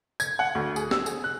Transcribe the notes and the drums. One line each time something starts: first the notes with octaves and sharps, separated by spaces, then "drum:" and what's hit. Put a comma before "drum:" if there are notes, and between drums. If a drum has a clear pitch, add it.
G#6, drum: tambourine
F#5
D2
G#4, drum: tambourine
E6, drum: snare
G#4, drum: tambourine
F#6